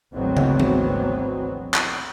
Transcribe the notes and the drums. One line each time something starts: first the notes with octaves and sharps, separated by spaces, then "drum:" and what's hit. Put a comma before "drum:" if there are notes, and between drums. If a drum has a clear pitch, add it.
G#1 D2 E3 F#3 B3 C4
drum: tom
drum: tom E3
drum: clap